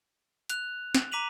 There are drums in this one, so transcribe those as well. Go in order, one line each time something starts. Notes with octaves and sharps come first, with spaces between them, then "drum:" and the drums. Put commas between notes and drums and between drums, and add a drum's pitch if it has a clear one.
F#6 F7, drum: hi-hat
drum: snare
A#5 D6 B6 D#7 F7 F#7